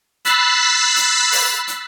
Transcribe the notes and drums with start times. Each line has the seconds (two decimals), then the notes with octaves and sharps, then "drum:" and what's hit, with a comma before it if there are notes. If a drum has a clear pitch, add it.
0.25 B5 E6 F#6 A6 B6 C7, drum: hi-hat
0.96 drum: hi-hat
1.32 drum: open hi-hat
1.67 drum: hi-hat